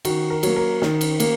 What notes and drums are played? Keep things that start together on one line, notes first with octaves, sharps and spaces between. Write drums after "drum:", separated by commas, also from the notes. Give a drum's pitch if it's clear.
D#3 F#4, drum: cymbal
A#4
F#3 A#3, drum: cymbal
A#4
D#3, drum: snare
drum: cymbal
A#3, drum: cymbal